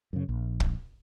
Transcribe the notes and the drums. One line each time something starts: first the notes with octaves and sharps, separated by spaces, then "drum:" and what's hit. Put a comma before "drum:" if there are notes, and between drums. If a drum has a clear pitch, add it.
F#2 C#3
A#1
drum: kick